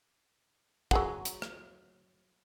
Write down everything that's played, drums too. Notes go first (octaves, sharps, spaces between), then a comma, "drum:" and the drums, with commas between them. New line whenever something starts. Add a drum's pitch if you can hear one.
F#3 G#4 F#5, drum: kick
drum: hi-hat
drum: rim click